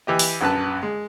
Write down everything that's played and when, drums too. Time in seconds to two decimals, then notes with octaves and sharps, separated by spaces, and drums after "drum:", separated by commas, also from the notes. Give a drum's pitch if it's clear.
0.07 E3 G4 D#5
0.19 drum: open hi-hat
0.41 A#1 F#2 B4 A5
0.83 G#3